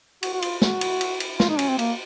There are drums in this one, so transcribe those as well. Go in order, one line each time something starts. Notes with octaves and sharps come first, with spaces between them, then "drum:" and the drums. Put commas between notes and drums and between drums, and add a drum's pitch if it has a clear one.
F#4, drum: cymbal
F#4
F4, drum: cymbal
F#4, drum: snare
drum: cymbal
drum: cymbal
drum: cymbal
F4, drum: snare
D#4
C#4, drum: cymbal
C4
A#3, drum: cymbal